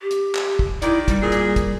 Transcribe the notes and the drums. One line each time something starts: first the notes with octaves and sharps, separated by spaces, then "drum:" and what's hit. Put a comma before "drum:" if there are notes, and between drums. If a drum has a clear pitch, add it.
G4
drum: hi-hat
drum: clap
drum: kick
D#3 E4 D5, drum: hi-hat
G3, drum: kick, hi-hat
A#2 G#4
drum: hi-hat
drum: kick, hi-hat